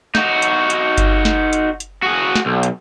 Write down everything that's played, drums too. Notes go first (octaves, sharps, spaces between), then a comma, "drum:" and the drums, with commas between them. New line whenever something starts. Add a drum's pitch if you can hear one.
D#4 F#4, drum: snare
drum: hi-hat
drum: hi-hat
drum: kick G1, hi-hat
drum: snare
drum: hi-hat
drum: hi-hat
F#4 G#4
drum: snare
B1
drum: hi-hat